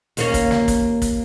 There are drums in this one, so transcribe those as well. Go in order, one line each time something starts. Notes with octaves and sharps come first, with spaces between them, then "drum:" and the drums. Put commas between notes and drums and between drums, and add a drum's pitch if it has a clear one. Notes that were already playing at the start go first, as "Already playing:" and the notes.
D#2 A#3 C#4, drum: hi-hat
drum: kick, hi-hat
drum: snare
drum: kick, hi-hat
drum: kick, hi-hat